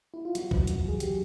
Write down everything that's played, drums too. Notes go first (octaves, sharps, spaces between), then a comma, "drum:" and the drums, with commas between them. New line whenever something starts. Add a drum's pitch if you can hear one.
E4
F4
F#3 F#4, drum: hi-hat
E2, drum: kick B1
E2, drum: hi-hat
F#3 G#4
C#3 G4, drum: hi-hat